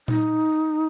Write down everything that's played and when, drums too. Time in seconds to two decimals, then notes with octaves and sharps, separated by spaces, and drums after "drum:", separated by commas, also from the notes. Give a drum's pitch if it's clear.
0.08 D#4, drum: tom A#2